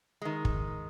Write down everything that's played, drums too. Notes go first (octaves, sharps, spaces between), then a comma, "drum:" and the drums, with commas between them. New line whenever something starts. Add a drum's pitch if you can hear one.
D#3 G#3
drum: kick